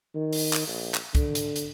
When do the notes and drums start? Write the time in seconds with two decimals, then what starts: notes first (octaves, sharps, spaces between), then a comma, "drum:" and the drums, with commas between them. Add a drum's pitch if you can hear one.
0.15 D#3
0.33 drum: open hi-hat
0.53 drum: clap
0.67 A#1
0.94 drum: clap
1.15 D3, drum: kick, hi-hat
1.35 drum: hi-hat
1.56 drum: hi-hat